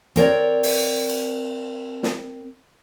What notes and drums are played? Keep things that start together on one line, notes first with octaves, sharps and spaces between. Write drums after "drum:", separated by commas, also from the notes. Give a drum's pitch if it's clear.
C4 A#4 C#5 D5, drum: hi-hat
drum: open hi-hat
drum: cymbal
drum: snare